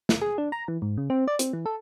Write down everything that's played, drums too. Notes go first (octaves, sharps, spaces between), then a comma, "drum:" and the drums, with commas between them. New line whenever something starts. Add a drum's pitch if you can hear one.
drum: snare
G#4
D4
A#5
E3
G#2
C#3
C4
D5
C4, drum: hi-hat
E3
A4